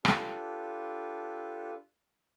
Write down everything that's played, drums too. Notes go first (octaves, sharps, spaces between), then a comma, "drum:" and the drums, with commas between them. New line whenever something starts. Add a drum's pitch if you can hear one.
D4 F4 G4 A4 B4, drum: rim click